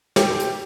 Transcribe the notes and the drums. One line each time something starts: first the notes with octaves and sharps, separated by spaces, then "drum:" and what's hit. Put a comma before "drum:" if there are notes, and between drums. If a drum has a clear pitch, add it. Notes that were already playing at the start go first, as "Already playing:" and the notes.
G4, drum: snare
drum: hi-hat